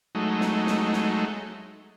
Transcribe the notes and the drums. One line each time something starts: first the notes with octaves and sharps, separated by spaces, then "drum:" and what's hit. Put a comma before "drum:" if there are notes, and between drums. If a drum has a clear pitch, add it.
F#3 G#3 A3 D#4
drum: snare
drum: snare
drum: snare